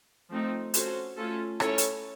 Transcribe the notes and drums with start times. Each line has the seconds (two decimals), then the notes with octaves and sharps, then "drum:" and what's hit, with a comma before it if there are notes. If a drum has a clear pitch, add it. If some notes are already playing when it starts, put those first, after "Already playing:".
0.30 F3 A3 C4 D#4
0.74 C#4 F#4 A4 C5, drum: hi-hat
1.17 A3 C#4 F4 A4
1.60 C#4 E4 A4 C#5, drum: rim click
1.78 drum: hi-hat